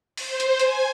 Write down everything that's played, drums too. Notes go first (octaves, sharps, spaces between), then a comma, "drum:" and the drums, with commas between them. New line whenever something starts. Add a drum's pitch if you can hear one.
C5, drum: open hi-hat
drum: hi-hat
G#5, drum: hi-hat